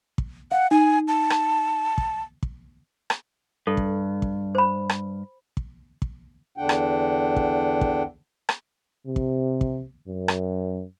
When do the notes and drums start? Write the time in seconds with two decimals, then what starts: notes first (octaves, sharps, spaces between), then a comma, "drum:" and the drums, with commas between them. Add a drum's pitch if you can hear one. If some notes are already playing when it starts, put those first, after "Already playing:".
0.18 drum: kick
0.52 F5 F#5
0.71 D#4 G#5
1.08 A5
1.30 drum: rim click
1.98 drum: kick
2.43 drum: kick
3.10 drum: rim click
3.67 G2 A4
3.77 drum: kick
4.22 drum: kick
4.55 C5 B5
4.89 drum: rim click
5.57 drum: kick
6.02 drum: kick
6.58 E2 D3 D4 F#5 G5
6.69 drum: rim click
7.36 drum: kick
7.81 drum: kick
8.49 drum: rim click
9.07 C3
9.16 drum: kick
9.61 drum: kick
10.08 F#2
10.28 drum: rim click